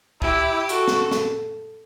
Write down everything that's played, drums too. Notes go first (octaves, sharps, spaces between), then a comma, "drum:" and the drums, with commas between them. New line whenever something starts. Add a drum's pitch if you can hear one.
E4 G4, drum: kick
F#4 A4, drum: hi-hat
drum: snare
drum: snare